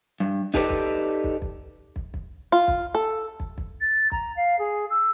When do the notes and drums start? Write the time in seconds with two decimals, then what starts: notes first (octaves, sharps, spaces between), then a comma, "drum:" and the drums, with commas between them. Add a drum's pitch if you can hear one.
0.20 G2
0.54 D#4 G4 A4 B4 D5, drum: kick
0.70 drum: kick
1.24 drum: kick
1.42 drum: kick
1.96 drum: kick
2.14 drum: kick
2.52 F4
2.68 drum: kick
2.95 A4
3.40 drum: kick
3.58 drum: kick
3.81 A6
4.12 A#5, drum: kick
4.36 F5
4.59 G#4
4.90 E6